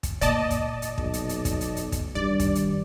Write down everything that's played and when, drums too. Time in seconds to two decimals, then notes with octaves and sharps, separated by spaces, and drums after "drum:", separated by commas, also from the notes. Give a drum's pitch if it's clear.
0.03 drum: kick, hi-hat
0.21 A#2 D5 D#5 A5, drum: hi-hat
0.50 drum: kick, hi-hat
0.82 drum: hi-hat
0.98 B1, drum: kick
1.13 drum: hi-hat
1.29 drum: hi-hat
1.45 drum: kick, hi-hat
1.61 drum: hi-hat
1.76 drum: hi-hat
1.92 drum: kick, hi-hat
2.15 G2 D#3 D5
2.40 drum: kick, hi-hat
2.55 drum: hi-hat